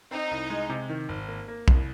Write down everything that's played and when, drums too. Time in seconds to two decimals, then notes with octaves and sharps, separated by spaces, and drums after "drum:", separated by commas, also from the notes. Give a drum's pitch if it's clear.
0.11 C4 D#4
0.31 C2
0.50 G#3
0.69 C3
0.89 D#3
1.09 G#1
1.28 A#3
1.48 A#3
1.68 C2, drum: kick B1